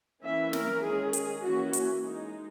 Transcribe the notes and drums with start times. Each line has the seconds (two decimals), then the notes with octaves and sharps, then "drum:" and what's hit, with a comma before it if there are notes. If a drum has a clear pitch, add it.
0.23 E3 A#3 C#4 E4 E5
0.53 A#4, drum: snare
0.83 D#3 G#3 C#4 G#4
1.13 G#4, drum: hi-hat
1.43 E3 A#3 C#4 E4 F#4
1.73 drum: hi-hat
2.03 G#3 D#4